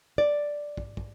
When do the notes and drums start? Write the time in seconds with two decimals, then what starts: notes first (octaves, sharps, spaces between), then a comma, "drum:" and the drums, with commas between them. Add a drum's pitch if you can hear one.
0.18 D5
0.77 drum: kick
0.97 drum: kick